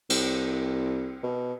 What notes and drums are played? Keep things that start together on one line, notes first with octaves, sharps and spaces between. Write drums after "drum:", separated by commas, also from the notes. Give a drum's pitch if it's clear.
C2, drum: cymbal
B2